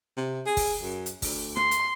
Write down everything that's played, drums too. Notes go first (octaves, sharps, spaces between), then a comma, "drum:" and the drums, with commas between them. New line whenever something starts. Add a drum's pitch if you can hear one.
C3
G#4
drum: kick, open hi-hat
F#2
drum: hi-hat
D2, drum: kick, open hi-hat
C6, drum: rim click
drum: hi-hat